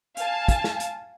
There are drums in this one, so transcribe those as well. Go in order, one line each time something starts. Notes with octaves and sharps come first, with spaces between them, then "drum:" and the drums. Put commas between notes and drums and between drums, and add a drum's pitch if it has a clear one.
F5 G#5 A5, drum: hi-hat
drum: kick, hi-hat
drum: snare
drum: hi-hat